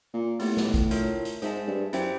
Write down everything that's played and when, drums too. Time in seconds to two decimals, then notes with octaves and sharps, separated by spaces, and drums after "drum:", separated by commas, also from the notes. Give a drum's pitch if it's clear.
0.14 A#2
0.40 A2 B3 E4 G4, drum: open hi-hat
0.57 drum: snare
0.74 drum: kick A#1, hi-hat
0.91 D4 F4 A#4 C#5 E5, drum: hi-hat
1.25 drum: hi-hat
1.42 G#2 G#4 C5 E5 A5, drum: hi-hat
1.68 G2
1.93 F#2 E4 G4 C5 E5 G5, drum: hi-hat